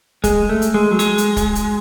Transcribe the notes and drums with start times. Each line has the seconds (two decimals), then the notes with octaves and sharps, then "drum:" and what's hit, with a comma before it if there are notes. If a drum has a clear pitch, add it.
0.24 G#3, drum: kick, hi-hat
0.49 A3
0.62 drum: hi-hat
0.74 G#3
0.91 F#3
0.99 G#3, drum: hi-hat
1.18 drum: hi-hat
1.37 drum: kick, hi-hat
1.55 drum: hi-hat